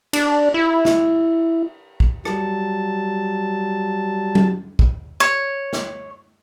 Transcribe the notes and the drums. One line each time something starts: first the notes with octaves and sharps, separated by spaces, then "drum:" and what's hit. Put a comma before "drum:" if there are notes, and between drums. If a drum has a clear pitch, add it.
D4, drum: cymbal
E4
drum: snare
drum: kick
F#3 G3 A5, drum: rim click
drum: tom F#3
drum: kick
C#5
drum: snare